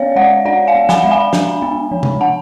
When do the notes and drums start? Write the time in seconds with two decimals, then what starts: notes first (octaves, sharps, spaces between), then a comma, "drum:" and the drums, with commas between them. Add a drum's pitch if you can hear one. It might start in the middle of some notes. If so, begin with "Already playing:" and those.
Already playing: B3 C#4 C#5 D5 F5
0.16 G#3 D5 F#5
0.45 D4 D5 F#5
0.67 F5 G#5
0.74 B3
0.89 G#5 B5, drum: snare
1.04 G#3
1.11 G#5 B5
1.33 D4, drum: snare
1.62 B3
1.91 F3
2.03 drum: tom C3
2.21 D4 F#5 A5